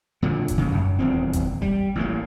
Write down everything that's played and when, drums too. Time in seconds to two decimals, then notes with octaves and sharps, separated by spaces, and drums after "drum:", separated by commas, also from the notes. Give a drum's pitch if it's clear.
0.22 A#2 D3 F#3
0.48 drum: kick F1, hi-hat
0.58 D2 C#3
0.72 F#2
0.99 D#1 E2 C4
1.33 drum: kick F1, hi-hat
1.62 G3, drum: kick F1
1.95 A1 A2 C3 A#3